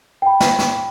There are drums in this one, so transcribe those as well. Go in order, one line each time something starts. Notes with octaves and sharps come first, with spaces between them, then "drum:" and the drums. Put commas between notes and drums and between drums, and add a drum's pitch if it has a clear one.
G5 B5
drum: snare
drum: snare